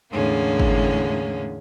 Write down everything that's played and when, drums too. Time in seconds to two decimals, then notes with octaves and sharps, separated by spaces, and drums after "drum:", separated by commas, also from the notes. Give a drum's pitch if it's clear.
0.11 E2 A2 D3 G#3 A#3 C#4
0.59 drum: kick